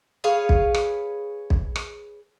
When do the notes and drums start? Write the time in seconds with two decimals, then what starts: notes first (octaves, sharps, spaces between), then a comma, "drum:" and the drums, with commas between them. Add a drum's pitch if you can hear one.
0.24 G#4 B4 C#5 F5
0.49 drum: kick B1
0.74 drum: rim click
1.50 drum: kick B1
1.76 drum: rim click